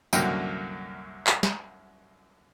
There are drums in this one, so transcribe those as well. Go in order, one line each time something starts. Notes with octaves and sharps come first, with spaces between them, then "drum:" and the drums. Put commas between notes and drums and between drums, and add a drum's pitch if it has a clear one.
C2 F#2 D3 F#3 A#3 G5, drum: tambourine
drum: clap
drum: snare